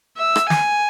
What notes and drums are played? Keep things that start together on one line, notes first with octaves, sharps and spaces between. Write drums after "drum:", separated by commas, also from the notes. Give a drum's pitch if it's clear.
E5
drum: rim click
G#5, drum: snare